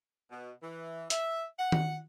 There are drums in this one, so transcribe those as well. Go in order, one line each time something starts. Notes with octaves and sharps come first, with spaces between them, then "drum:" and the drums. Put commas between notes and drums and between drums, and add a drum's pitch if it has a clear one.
B2
E3
E5, drum: hi-hat
F#5
drum: tom D#3